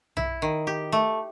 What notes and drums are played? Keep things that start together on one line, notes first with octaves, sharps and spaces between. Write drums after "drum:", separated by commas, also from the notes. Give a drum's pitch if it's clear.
E4, drum: tom B1
D#3
G4
A3